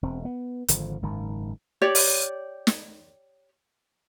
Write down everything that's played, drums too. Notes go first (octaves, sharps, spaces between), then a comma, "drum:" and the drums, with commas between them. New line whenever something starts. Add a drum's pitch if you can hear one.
E1 C4
B3
G#1 D3 F3, drum: hi-hat
F#1 G#2 D#3
G4 C#5 D5
drum: open hi-hat
drum: snare